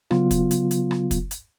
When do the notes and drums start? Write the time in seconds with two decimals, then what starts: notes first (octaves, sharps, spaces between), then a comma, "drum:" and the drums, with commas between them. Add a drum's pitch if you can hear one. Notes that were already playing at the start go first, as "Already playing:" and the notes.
0.11 C#3 F#3 B3 F4, drum: rim click
0.31 drum: kick, hi-hat
0.51 drum: hi-hat
0.71 drum: hi-hat
0.91 drum: rim click
1.11 drum: kick, hi-hat
1.31 drum: hi-hat